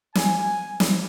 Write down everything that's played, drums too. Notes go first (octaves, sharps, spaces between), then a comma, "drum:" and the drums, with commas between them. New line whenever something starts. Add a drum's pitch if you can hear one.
G#5, drum: snare
drum: snare